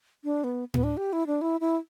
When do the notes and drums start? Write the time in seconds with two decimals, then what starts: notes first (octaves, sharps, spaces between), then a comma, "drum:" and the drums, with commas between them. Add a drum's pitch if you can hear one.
0.24 D4
0.44 B3
0.74 B3, drum: tom A2
0.84 D4
0.97 G4
1.13 E4
1.27 D4
1.41 E4
1.61 E4